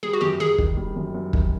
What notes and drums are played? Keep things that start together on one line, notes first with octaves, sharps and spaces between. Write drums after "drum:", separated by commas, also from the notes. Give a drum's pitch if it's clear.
G3 G#4
F#4
F#2 G4
F#2 G#4
D#3, drum: kick
G3
F#2
F#2
D#3, drum: kick